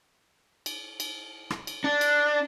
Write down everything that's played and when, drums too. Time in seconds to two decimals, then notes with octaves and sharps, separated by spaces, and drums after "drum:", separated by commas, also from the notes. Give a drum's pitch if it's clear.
0.66 drum: cymbal
1.00 drum: cymbal
1.50 drum: rim click
1.67 drum: cymbal
1.84 D4
2.01 drum: cymbal